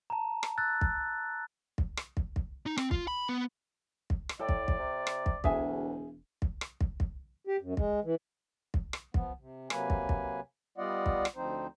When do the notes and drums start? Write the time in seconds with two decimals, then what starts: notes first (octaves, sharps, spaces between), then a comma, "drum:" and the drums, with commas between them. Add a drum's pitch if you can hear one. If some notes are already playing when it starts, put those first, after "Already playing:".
0.10 A5 A#5
0.43 drum: rim click
0.58 E6 F#6 A6
0.81 drum: kick
1.78 drum: kick
1.97 drum: rim click
2.17 drum: kick
2.36 drum: kick
2.66 D#4
2.78 C4, drum: rim click
2.91 F4, drum: kick
3.07 B5
3.29 B3
4.10 drum: kick
4.29 drum: rim click
4.40 A2 A4 D5 G5
4.49 drum: kick
4.68 drum: kick
4.79 C3
5.07 drum: rim click
5.26 drum: kick
5.44 E1 D2 G#4 E5 G#5, drum: kick
6.42 drum: kick
6.61 drum: rim click
6.81 drum: kick
7.00 drum: kick
7.47 G4
7.61 F#2
7.77 G#3, drum: kick
8.04 E3
8.74 drum: kick
8.93 drum: rim click
9.14 F3 B3, drum: kick
9.40 C3
9.70 C3 F#3 A#3 B4 G#5, drum: rim click
9.90 drum: kick
10.09 drum: kick
10.78 G3 B3 F4 D5 D#5 F#5
11.06 drum: kick
11.25 drum: rim click
11.36 D2 F3 C4 D#4 C5